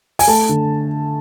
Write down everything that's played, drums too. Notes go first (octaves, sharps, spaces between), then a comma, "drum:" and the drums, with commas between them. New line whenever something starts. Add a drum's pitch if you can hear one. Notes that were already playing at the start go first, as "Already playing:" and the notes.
G#5, drum: open hi-hat
A3 A5
D3